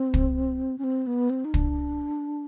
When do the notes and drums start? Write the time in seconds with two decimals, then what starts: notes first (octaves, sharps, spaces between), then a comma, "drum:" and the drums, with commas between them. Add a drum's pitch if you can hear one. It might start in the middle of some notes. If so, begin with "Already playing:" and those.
Already playing: C4
0.14 drum: kick
0.78 C#4
0.84 C4
1.07 B3
1.30 C4
1.45 D#4
1.54 D4, drum: kick